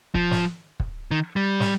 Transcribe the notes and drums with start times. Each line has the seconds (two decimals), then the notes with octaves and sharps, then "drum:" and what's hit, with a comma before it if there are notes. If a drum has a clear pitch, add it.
0.15 F3, drum: kick
0.31 drum: snare
0.80 drum: kick
1.11 D#3
1.36 G3
1.60 drum: snare